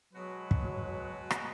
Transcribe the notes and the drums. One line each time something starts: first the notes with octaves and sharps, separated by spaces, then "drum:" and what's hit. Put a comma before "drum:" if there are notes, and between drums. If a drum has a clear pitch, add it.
B2 F#3 G#3 B3 F#4 B4
drum: kick
drum: rim click